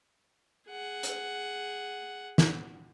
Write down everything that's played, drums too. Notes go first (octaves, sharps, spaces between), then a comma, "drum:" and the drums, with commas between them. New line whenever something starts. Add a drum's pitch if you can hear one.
G#4 F#5
drum: hi-hat
drum: snare